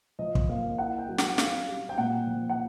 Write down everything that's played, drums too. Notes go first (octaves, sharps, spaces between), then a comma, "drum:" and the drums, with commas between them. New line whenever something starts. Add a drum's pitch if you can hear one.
F3 D#5
drum: kick
A#3 F5
E4 F#5
G5
F#3
F#5, drum: snare
C#4 F5, drum: snare
G3
G5
A#2 F#5
F3
F#5